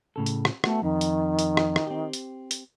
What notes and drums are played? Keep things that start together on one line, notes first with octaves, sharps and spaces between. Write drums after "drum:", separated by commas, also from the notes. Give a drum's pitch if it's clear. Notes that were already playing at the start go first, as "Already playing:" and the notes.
A2 C#3 A4
drum: hi-hat
drum: rim click
A3 B3 F#4, drum: rim click
F2 D#3
drum: hi-hat
drum: hi-hat
drum: rim click
drum: rim click
C4 G4
drum: hi-hat
drum: hi-hat